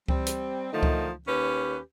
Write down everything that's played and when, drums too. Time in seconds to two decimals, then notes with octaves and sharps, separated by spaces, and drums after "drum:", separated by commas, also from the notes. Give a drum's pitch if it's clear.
0.08 G3 C4, drum: kick C#2
0.27 drum: hi-hat
0.73 D3 D#3 F3 A3 D#4
0.83 drum: kick C#2
1.28 D#2 C#4 G4 B4